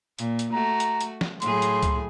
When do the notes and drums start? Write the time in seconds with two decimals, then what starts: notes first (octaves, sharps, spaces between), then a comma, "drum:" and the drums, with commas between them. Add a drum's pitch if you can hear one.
0.19 A#2, drum: hi-hat
0.39 drum: hi-hat
0.53 A3 F#4 A#5
0.80 drum: hi-hat
1.01 drum: hi-hat
1.21 drum: snare
1.42 A2 F#3 G#4 C6, drum: hi-hat
1.62 drum: hi-hat
1.83 drum: kick C#2, hi-hat